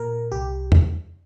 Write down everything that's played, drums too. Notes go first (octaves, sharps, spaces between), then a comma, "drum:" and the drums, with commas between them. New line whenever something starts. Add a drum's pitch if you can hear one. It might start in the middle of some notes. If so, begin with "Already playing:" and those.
Already playing: A#2 A#4
C2 G4
drum: tom E2